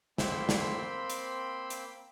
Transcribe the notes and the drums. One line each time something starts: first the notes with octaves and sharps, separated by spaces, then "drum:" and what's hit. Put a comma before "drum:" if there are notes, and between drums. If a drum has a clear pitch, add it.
A#3 C4 G5 B5 C6 E6, drum: snare
drum: snare
drum: hi-hat
drum: hi-hat